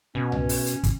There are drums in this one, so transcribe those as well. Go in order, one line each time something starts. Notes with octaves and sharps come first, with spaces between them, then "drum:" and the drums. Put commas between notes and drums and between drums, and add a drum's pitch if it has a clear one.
B2 C#4
drum: tom C2
drum: open hi-hat
drum: hi-hat
drum: kick, hi-hat